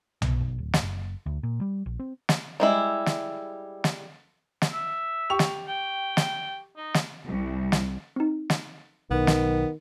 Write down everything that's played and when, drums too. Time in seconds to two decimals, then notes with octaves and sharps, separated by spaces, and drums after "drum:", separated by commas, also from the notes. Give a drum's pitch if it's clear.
0.22 B2, drum: tom B1
0.41 B1
0.58 D1
0.73 drum: snare
0.83 F#1
1.26 D2
1.43 A#2
1.61 G3
1.86 A#1
1.99 C4
2.29 drum: snare
2.60 G3 G#3 E4
3.06 drum: snare
3.84 drum: snare
4.62 drum: snare
4.72 E5
5.30 G4 C#6 F7
5.39 drum: snare
5.67 G5
6.17 drum: snare
6.77 D#4
6.94 drum: snare
7.26 C2
7.72 drum: snare
8.16 C4 D#4
8.50 drum: snare
9.11 B1 D#3 B3
9.27 drum: snare